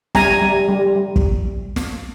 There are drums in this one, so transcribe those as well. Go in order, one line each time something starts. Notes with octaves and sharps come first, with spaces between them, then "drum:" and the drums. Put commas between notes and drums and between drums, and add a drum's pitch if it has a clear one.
G3 G#5 A#5, drum: snare
G3
G3
G3
drum: kick
drum: snare